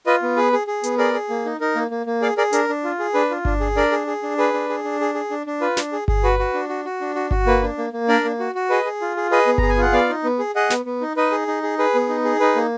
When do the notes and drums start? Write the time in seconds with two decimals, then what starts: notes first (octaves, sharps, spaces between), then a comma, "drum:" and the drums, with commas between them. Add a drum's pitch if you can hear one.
0.06 F4 B4 D#5
0.22 B3
0.36 G#4 B4
0.53 G#4
0.67 G#4
0.84 B3, drum: hi-hat
0.98 G#4 A#4 D5
1.14 G#4
1.30 A#3
1.46 D#4
1.61 D#4 A#4
1.75 A#3
1.91 A#3
2.06 A#3
2.22 G#4 D5 F5
2.37 G#4 A#4 D5
2.53 D4 A#4, drum: hi-hat
2.69 D4
2.84 F4
2.99 G#4
3.14 D4 B4
3.31 F4
3.45 D4, drum: kick G1
3.60 G#4
3.76 D4 A#4 D5
3.91 G#4
4.07 G#4
4.23 D4
4.37 G#4 B4
4.54 D4
4.69 G#4
4.84 D4
5.00 G#4
5.15 G#4
5.30 D4
5.47 D4
5.61 F4 B4
5.77 D4, drum: snare
5.92 G#4
6.08 G#4, drum: kick G1
6.23 F#4 B4
6.39 F#4
6.54 D4
6.69 F#4
6.85 F#4
7.01 D4
7.15 F#4
7.31 F#4, drum: kick G1
7.46 A#3 B4
7.62 D4
7.78 A#3
7.93 A#3
8.08 D4 A#4 D5
8.24 A#3
8.39 F#4
8.55 F#4
8.70 G#4 B4 D#5
8.85 G#4
9.01 F4
9.17 G#4
9.31 G#4 B4 D#5
9.47 B3
9.58 G#4 A#5, drum: kick G1
9.69 G#5
9.77 F4 F#5
9.93 B3 D5 F5
10.09 D#4
10.24 B3
10.39 G#4
10.55 G#4 D#5 F#5
10.70 B3, drum: snare
10.85 B3
11.01 D#4
11.17 D#4 B4 D#5
11.32 G#4
11.48 D#4
11.63 G#4
11.79 G#4 B4
11.95 B3
12.09 D#4
12.24 G#4
12.40 D#4 B4
12.56 A#3